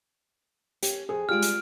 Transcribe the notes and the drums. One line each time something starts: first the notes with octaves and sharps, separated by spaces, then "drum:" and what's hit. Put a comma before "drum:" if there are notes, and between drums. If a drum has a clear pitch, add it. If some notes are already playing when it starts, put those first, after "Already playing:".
C#4 G4, drum: hi-hat
F2 G#4
G3 G#3 F4 G4 F6 D7
drum: hi-hat